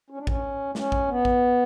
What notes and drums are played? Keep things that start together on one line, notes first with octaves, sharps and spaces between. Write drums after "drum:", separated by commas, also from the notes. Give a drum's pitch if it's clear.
C#4
D4
C#4, drum: kick A1
C#4, drum: snare
drum: kick A1
B3
drum: kick A1